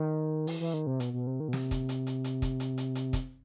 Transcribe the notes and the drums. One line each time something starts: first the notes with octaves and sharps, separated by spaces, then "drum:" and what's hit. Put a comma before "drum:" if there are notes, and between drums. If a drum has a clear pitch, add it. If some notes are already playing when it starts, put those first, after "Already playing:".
Already playing: D#3
E3, drum: open hi-hat
E3
D#3
C3
B2, drum: hi-hat
B2
C3
D#3
B2
C3, drum: snare
drum: kick, hi-hat
drum: hi-hat
drum: hi-hat
drum: hi-hat
drum: kick, hi-hat
drum: hi-hat
drum: hi-hat
drum: hi-hat
drum: kick, hi-hat